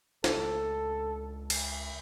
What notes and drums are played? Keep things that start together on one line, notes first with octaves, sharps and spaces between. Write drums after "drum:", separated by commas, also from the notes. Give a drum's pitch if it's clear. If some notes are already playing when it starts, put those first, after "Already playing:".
C#2 D4 A4, drum: snare
drum: cymbal